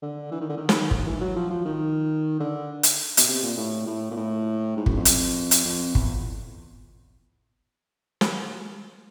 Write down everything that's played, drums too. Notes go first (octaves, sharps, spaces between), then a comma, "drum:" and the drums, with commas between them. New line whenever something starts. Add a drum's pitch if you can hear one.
D3
E3
D#3
D3
D#3
drum: snare
D#3, drum: kick
E3
F#3
F3
F3
D#3
D3
drum: hi-hat
B2, drum: hi-hat
C3
A#2
A2
A2
A#2
A2
G#2
F#2, drum: kick
F2
drum: hi-hat
drum: hi-hat
F2
E2, drum: kick
drum: snare